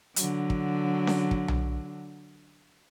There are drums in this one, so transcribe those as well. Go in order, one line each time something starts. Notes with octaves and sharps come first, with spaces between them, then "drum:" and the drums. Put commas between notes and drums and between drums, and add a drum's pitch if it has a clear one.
D3 F#3, drum: hi-hat
drum: kick
drum: snare C#4
drum: kick
drum: tom B1